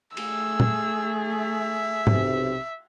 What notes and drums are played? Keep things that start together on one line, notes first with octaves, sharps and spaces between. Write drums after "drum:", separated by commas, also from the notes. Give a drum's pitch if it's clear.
A3 G#4 E6, drum: cymbal
drum: tom A#2
E5
B1 C3, drum: tom G#2